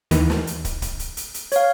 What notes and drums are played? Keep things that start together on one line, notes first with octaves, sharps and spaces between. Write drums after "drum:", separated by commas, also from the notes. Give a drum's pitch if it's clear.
D#2 D#3 E3, drum: hi-hat
drum: snare
drum: hi-hat
drum: kick, hi-hat
drum: kick, hi-hat
drum: hi-hat
drum: hi-hat
drum: hi-hat
C#5 F5, drum: hi-hat